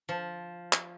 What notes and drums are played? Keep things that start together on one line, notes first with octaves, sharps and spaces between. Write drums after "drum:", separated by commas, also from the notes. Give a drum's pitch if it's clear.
F3
drum: clap